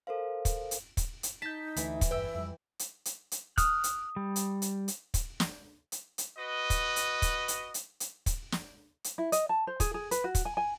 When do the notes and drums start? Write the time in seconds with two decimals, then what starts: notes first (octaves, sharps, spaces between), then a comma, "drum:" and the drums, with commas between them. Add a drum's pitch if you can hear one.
0.07 A4 A#4 C5 F5
0.45 drum: kick, hi-hat
0.71 drum: hi-hat
0.97 drum: kick, hi-hat
1.23 drum: hi-hat
1.42 D#4 A5 G6 B6
1.76 D2 E3 A3 D4, drum: hi-hat
2.01 drum: kick, hi-hat
2.11 G1 E2 B4 E5 G5 E6
2.35 F2 G3
2.79 drum: hi-hat
3.05 drum: hi-hat
3.32 drum: hi-hat
3.58 D#6 F6 F#6, drum: kick, hi-hat
3.84 drum: hi-hat
4.16 G3
4.36 drum: hi-hat
4.62 drum: hi-hat
4.88 drum: hi-hat
5.14 drum: kick, hi-hat
5.40 drum: snare
5.92 drum: hi-hat
6.18 drum: hi-hat
6.37 F#4 B4 D#5
6.70 drum: kick, hi-hat
6.96 drum: hi-hat
7.22 drum: kick, hi-hat
7.48 drum: hi-hat
7.74 drum: hi-hat
8.00 drum: hi-hat
8.26 drum: kick, hi-hat
8.52 drum: snare
9.04 drum: hi-hat
9.18 E4
9.32 D#5, drum: hi-hat
9.49 A5
9.67 C5
9.80 G#4, drum: kick, hi-hat
9.94 G#4
10.11 B4, drum: hi-hat
10.24 F#4
10.35 drum: kick, hi-hat
10.45 G#5
10.57 G#5